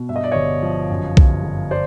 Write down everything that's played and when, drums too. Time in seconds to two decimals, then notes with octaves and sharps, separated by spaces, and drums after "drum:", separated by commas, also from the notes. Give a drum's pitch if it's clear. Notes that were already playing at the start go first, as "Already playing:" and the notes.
Already playing: B2
0.09 G2 E5
0.16 D#5
0.24 D5
0.31 G1 C#5 D#5
0.63 F3
0.90 F#2
1.17 G1, drum: kick B1
1.44 G1
1.71 C5 D5